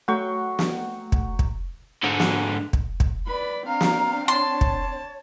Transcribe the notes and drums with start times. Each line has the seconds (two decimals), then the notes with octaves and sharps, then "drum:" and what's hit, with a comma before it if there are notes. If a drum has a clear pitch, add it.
0.08 F#3 A3 F#5 G5 C#6
0.59 drum: snare
1.12 drum: kick
1.39 drum: kick
2.03 G#2 D3
2.20 drum: snare
2.73 drum: kick
3.00 drum: kick
3.27 B4 D5 B5
3.67 C4 D4 F5 A#5
3.81 drum: snare
4.28 C#5 A5 C6
4.61 drum: kick